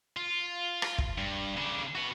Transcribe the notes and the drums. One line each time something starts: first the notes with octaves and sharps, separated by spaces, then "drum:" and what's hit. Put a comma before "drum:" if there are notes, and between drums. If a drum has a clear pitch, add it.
F4
drum: rim click
drum: kick
G2
C#3 D4
F#4 B4